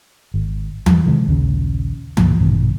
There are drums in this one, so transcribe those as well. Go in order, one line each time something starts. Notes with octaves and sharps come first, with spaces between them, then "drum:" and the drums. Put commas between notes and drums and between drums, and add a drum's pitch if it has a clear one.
G#1
E2 G3, drum: tom E3
C3 D#3 E3 G#3
A#1 D#2 C#3
C#2 G2 A#2 A#3, drum: tom E3
A#1 G2 B2 D#3